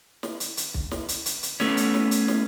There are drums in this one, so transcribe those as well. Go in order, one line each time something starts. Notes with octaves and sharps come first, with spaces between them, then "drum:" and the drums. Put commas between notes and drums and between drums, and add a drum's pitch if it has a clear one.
drum: snare
drum: hi-hat
drum: hi-hat
drum: kick B1
drum: snare
drum: hi-hat
drum: hi-hat
drum: hi-hat
A3 B3 C#4, drum: snare
drum: hi-hat
drum: snare
drum: hi-hat
drum: snare